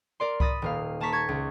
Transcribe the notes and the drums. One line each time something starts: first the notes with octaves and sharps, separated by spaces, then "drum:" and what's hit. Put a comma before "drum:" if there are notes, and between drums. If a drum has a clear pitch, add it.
A#4 D5 C6
B5 D#6 A6 A#6, drum: kick C2
D#1 A#3 F5
A#3 A5 A#5 C#6 B6
C#6 G#6 A6
C#2